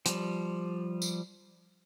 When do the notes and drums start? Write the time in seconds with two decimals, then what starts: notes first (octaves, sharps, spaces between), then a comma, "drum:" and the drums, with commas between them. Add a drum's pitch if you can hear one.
0.06 F3 G3, drum: hi-hat
1.02 drum: tambourine